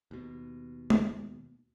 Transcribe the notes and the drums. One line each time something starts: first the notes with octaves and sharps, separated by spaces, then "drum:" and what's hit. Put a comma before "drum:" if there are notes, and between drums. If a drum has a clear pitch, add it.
D#2 B2
drum: tom